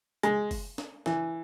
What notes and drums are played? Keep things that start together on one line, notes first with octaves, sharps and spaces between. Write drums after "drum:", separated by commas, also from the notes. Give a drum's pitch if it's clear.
G#3, drum: hi-hat
drum: kick, open hi-hat
drum: snare
E3, drum: snare